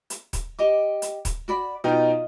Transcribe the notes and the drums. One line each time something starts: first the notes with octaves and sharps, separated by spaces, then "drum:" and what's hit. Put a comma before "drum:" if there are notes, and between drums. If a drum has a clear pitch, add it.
drum: hi-hat
drum: kick, hi-hat
G4 D#5 D6
drum: hi-hat
drum: kick, hi-hat
F#4 D5 B5
B2 D#4 F4 D#5 G5